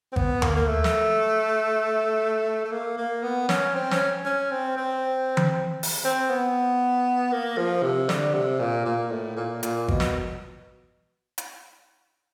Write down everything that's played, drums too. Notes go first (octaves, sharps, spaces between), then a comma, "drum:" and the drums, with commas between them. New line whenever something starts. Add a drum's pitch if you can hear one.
C4
B3, drum: kick G#1
A#3, drum: tom D#2
A#3
A3
drum: snare
A3
A#3
A#3
B3
C#4, drum: snare
C4
C#4, drum: snare
C#4
C4
C4
drum: tom E3
drum: open hi-hat
C4
B3
A#3
F3
C3
D3, drum: snare
C3
A#2
A#2
A2
A#2
A#2, drum: hi-hat
B2, drum: kick G#1
drum: snare
drum: hi-hat